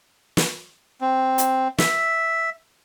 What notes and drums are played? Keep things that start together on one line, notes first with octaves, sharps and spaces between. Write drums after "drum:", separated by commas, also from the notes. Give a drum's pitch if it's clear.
drum: snare
C4
drum: hi-hat
E5, drum: snare